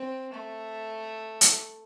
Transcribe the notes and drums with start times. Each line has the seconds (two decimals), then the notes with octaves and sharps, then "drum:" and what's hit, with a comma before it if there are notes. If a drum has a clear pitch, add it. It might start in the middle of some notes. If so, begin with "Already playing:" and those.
Already playing: C4
0.34 A3
1.41 drum: hi-hat